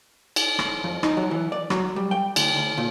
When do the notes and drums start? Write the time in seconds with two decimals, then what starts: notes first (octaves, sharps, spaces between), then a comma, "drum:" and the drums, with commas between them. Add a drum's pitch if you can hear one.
0.36 drum: cymbal
0.59 drum: rim click
0.84 F2
1.03 D#4, drum: rim click
1.17 F#3
1.31 E3
1.52 D5
1.70 F#3, drum: rim click
1.96 G3
2.11 G5
2.36 D2, drum: cymbal
2.56 D2
2.78 A#2